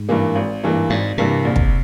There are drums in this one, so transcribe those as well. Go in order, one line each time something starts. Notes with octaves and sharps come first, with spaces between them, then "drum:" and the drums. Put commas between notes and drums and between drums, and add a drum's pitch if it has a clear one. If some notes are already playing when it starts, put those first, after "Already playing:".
Already playing: G#2
G2 E3 A#3
G#1
G2 E3 A#3
G#1 G#2
G2 C3 E3 A#3
A#1
drum: kick